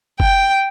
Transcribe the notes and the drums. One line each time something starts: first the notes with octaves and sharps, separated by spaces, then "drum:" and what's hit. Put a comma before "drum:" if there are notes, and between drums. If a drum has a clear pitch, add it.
G5, drum: kick